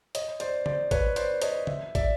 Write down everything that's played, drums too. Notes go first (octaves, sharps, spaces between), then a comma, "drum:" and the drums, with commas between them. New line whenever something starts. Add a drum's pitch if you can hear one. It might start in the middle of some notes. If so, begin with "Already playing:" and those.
C#5 D#5, drum: hi-hat
C5 D5, drum: hi-hat
C5 D5, drum: tom
B4 C#5, drum: kick, hi-hat
C5 D5, drum: hi-hat
C#5 D#5, drum: hi-hat
E5, drum: tom
D5 E5, drum: kick, hi-hat